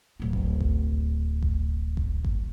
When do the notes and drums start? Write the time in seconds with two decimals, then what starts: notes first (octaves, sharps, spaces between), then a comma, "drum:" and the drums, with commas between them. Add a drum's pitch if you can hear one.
0.20 D1 E4
0.33 drum: kick G#1
0.61 drum: kick G#1
1.43 drum: kick G#1
1.97 drum: kick G#1
2.25 drum: kick G#1